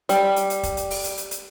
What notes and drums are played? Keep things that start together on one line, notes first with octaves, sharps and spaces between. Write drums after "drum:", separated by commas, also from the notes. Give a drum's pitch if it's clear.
G3, drum: hi-hat
drum: hi-hat
drum: hi-hat
drum: kick F1, hi-hat
drum: hi-hat
drum: open hi-hat
drum: hi-hat
drum: hi-hat
drum: hi-hat